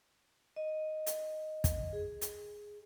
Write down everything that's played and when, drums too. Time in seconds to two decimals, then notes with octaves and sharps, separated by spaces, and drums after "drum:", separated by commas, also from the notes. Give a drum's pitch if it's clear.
0.56 D#5
1.06 drum: hi-hat
1.64 drum: kick, hi-hat
1.93 G#4
2.21 drum: hi-hat